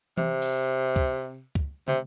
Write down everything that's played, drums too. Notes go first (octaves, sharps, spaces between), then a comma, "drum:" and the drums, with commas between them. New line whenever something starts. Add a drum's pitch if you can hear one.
C3, drum: tom E3
drum: open hi-hat
drum: kick C#2
drum: kick C#2
C3, drum: tom